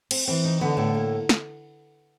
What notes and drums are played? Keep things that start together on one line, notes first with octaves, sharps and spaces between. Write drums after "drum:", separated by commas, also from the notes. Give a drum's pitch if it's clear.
C4, drum: cymbal
E3 C4
D#4
D3 B3
A2
A#3
drum: snare